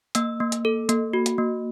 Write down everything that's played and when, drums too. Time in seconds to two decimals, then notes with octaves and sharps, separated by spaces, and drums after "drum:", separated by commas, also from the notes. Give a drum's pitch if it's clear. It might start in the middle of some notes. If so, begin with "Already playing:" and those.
0.15 A#3 E6, drum: hi-hat
0.40 A#3
0.52 drum: hi-hat
0.65 A4
0.89 A#3, drum: hi-hat
1.13 F#4
1.26 drum: hi-hat
1.38 A#3